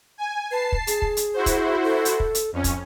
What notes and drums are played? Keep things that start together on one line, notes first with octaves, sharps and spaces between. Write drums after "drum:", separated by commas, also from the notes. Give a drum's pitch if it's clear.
G#5
B4 A5 C7
drum: kick
G#4, drum: hi-hat
drum: kick
drum: hi-hat
E4 F#4 C5
drum: kick, hi-hat
A4
drum: hi-hat
drum: kick
drum: hi-hat
F2 C#4
drum: kick, hi-hat